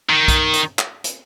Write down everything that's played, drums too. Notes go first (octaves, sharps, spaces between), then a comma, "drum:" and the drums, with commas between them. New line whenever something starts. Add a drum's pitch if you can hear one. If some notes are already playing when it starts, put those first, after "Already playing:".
D#3
drum: kick B1, hi-hat
drum: hi-hat
drum: clap
drum: hi-hat